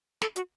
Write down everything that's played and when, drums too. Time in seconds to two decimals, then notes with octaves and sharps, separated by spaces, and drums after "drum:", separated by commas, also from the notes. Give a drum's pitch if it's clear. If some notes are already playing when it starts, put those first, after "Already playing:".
0.22 A4, drum: snare
0.36 F#4, drum: hi-hat